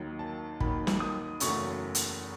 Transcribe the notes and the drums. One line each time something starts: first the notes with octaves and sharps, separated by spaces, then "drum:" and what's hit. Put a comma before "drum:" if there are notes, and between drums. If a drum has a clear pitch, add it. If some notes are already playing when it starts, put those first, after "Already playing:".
Already playing: D#2 D#3 F#3
A5
D#2 D#3 F#3 B5, drum: kick
drum: snare
D#6
F#1 E2 C#3 F#3 A3 C#6, drum: hi-hat
drum: hi-hat